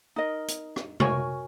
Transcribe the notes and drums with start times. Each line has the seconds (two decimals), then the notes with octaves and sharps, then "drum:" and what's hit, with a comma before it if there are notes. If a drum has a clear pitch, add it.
0.16 D#4 A#4 D#5
0.48 drum: hi-hat
0.76 drum: rim click
1.00 F#4 A#4 C#5 G#5, drum: tom C3